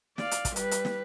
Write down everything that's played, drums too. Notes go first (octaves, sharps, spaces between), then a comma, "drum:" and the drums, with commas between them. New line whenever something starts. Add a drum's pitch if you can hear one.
D5 F5, drum: snare
drum: hi-hat
drum: kick, hi-hat
G3 B4, drum: hi-hat
drum: hi-hat
drum: snare